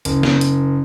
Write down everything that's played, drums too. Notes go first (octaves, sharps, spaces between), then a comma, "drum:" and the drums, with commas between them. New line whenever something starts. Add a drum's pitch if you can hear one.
F#1, drum: hi-hat
drum: snare
drum: hi-hat